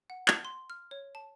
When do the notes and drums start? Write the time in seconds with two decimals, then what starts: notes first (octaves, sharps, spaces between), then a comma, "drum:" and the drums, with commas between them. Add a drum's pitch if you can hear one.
0.10 F#5
0.28 drum: clap
0.45 C6
0.70 F6
0.91 C#5
1.15 A5